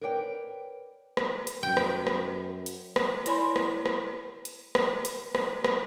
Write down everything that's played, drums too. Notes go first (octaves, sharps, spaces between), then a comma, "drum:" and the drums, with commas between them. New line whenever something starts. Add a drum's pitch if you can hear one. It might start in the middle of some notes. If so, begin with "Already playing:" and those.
A#4 B4 C#5 D5 F#5 G5
drum: rim click
drum: hi-hat
F#2 G5
drum: rim click
drum: rim click
drum: hi-hat
drum: rim click
E4 C#5 D5 G#5 B5 C6, drum: hi-hat
drum: rim click
drum: rim click
drum: hi-hat
drum: rim click
drum: hi-hat
drum: rim click
drum: rim click